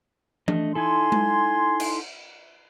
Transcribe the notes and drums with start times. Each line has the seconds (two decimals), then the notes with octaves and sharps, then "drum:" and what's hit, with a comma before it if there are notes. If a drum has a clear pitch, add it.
0.48 A3 D4 D#5, drum: tom E3
0.75 D#4 E4 A4 G#5 C6
1.12 drum: tom G#3
1.80 drum: cymbal